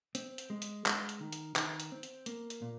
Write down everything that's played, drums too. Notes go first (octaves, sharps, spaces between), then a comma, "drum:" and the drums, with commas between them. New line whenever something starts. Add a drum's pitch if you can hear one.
C4, drum: hi-hat
drum: hi-hat
G#3
drum: hi-hat
G#3, drum: clap
drum: hi-hat
D#3
drum: hi-hat
D#3, drum: clap
drum: hi-hat
C4
drum: hi-hat
A#3, drum: hi-hat
drum: hi-hat
A#2